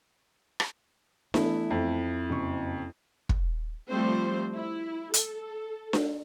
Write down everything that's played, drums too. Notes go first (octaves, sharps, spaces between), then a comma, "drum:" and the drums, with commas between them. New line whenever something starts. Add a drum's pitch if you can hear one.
drum: rim click
E3 A3 B3 E4, drum: snare D4
F2
F#1 C#6
drum: kick
F3 G3 A3 C4 C5
E4
A4, drum: hi-hat
drum: snare D4